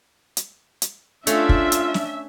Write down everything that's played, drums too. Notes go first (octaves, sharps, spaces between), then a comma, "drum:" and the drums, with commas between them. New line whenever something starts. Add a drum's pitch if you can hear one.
drum: hi-hat
drum: hi-hat
A3 C#4 D4 F4 E5 F5, drum: hi-hat
drum: kick
drum: hi-hat
drum: snare